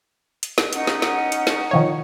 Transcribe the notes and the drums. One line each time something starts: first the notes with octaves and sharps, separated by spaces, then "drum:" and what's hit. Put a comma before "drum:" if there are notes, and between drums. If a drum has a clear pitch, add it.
drum: hi-hat
drum: snare
C#4 D#4 F#5, drum: hi-hat
drum: snare
drum: snare
drum: hi-hat
drum: snare
D#3 F3 C#5